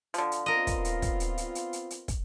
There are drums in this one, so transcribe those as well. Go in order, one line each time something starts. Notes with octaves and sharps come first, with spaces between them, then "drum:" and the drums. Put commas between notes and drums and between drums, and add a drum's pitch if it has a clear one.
D3 F3, drum: hi-hat
drum: hi-hat
B3 C4 F4 A#4 D#5
drum: kick, hi-hat
drum: hi-hat
drum: kick, hi-hat
drum: hi-hat
drum: hi-hat
drum: hi-hat
drum: hi-hat
drum: hi-hat
drum: kick, hi-hat